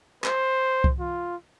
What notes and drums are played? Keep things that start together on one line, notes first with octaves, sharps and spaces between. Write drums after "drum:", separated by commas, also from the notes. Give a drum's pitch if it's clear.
C5, drum: clap
drum: kick C2
F4